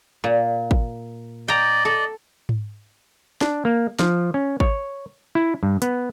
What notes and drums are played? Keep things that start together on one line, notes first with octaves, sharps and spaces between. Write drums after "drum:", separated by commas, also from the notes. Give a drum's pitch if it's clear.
A#2
drum: kick
D5 D#5 G5 A#5
A4 D5 D#5
drum: tom G#2
D4, drum: snare
A#3
F3, drum: snare
C#4
C#5, drum: kick
E4
G2
B3, drum: hi-hat